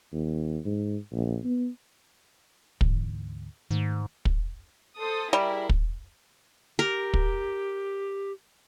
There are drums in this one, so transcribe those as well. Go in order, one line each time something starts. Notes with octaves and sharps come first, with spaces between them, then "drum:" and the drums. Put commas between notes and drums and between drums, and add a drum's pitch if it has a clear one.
D#2
G#2
A#1
B3
D2 G#2 E3, drum: kick
G#2 D#3 A3
drum: kick
A4 C5 D#6
G3 E4 G#4 A#4
drum: kick
G4 A#4
drum: kick